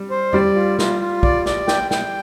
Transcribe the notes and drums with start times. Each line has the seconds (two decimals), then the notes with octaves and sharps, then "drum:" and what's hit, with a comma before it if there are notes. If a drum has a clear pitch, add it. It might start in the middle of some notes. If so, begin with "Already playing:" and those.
Already playing: G3
0.10 C5
0.33 G3 D5, drum: tom F2
0.55 F4
0.79 F4, drum: snare
1.01 F4
1.23 D5, drum: kick
1.46 D5, drum: snare
1.68 G5, drum: snare
1.91 G5, drum: snare